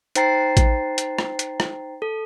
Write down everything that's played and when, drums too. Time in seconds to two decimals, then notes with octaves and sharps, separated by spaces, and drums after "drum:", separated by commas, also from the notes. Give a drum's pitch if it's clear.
0.15 D#4 C5 G5 A#5 A6 C7, drum: hi-hat
0.57 drum: kick A1, hi-hat
0.98 drum: hi-hat
1.19 drum: rim click
1.39 drum: hi-hat
1.60 drum: rim click
2.02 A4